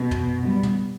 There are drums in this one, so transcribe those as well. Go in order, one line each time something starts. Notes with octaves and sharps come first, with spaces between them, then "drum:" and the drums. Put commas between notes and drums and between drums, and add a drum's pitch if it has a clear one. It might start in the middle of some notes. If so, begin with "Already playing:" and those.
Already playing: B2
drum: tom
G3 B3
drum: tom